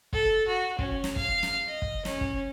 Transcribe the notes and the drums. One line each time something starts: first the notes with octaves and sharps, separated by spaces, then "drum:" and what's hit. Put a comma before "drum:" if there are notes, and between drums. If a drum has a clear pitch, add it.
A4, drum: kick
F#4
C#4, drum: kick
drum: snare
F5, drum: kick
drum: snare
D#5
drum: kick
C#4, drum: snare
drum: kick